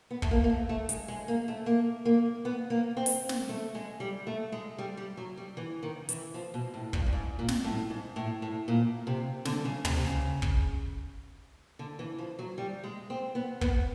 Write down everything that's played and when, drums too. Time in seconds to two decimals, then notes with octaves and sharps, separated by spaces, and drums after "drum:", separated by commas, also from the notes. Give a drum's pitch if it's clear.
0.11 B3
0.22 A3, drum: kick
0.31 A#3
0.44 A#3
0.50 A3
0.69 A3
0.89 G#3, drum: hi-hat
1.08 G#3
1.28 A#3
1.48 A3
1.66 A#3
2.05 A#3
2.45 B3
2.70 A#3
2.97 C4
3.06 drum: open hi-hat
3.29 drum: snare
3.49 A3
3.75 G#3
4.00 G3
4.27 A3
4.52 G#3
4.78 G3
4.97 G3
5.17 F#3
5.37 G3
5.57 E3
5.83 D#3
6.09 E3, drum: hi-hat
6.34 F3
6.54 B2
6.74 A2
6.93 G2, drum: kick
7.07 G2
7.13 G#2
7.39 A#2
7.48 drum: snare
7.64 A2
7.90 G#2
8.16 A2
8.42 A2
8.68 A#2
9.07 C3
9.45 D3, drum: snare
9.65 C#3
9.85 C3, drum: tom
9.97 C3
10.05 C#3
10.42 drum: kick
11.79 D3
11.99 E3
12.19 F3
12.39 F#3
12.58 G3
12.84 G#3
13.10 C4
13.35 B3
13.61 B3, drum: kick